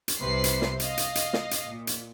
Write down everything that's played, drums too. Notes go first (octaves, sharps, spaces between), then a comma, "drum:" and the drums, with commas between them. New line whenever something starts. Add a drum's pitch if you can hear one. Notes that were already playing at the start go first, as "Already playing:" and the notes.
drum: hi-hat
C2 C3 B4 C5 C7
drum: hi-hat
drum: snare
D#5 F5, drum: hi-hat
drum: hi-hat
drum: hi-hat
drum: snare
drum: hi-hat
A#2
drum: hi-hat